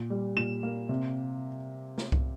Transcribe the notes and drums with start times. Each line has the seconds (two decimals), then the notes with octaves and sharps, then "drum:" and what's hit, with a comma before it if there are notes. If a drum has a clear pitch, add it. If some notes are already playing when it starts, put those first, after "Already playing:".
Already playing: A#2
0.10 G3
0.36 A#2 E7
0.63 A#3
0.89 C3
1.98 drum: snare
2.12 drum: kick C2